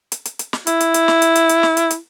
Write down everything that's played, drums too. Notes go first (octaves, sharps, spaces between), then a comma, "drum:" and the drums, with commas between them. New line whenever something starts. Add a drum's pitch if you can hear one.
drum: hi-hat
drum: hi-hat
drum: hi-hat
drum: snare
E4, drum: hi-hat
drum: hi-hat
drum: hi-hat
drum: snare
drum: hi-hat
drum: hi-hat
drum: hi-hat
drum: snare
drum: hi-hat
drum: hi-hat